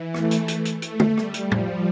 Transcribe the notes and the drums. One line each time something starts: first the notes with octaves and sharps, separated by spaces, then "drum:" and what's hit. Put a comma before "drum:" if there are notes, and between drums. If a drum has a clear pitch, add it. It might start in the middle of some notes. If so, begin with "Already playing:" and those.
Already playing: E3
A3, drum: rim click
drum: hi-hat
drum: hi-hat
drum: hi-hat
A3, drum: hi-hat
drum: tom
G3, drum: rim click
drum: hi-hat
F3, drum: tom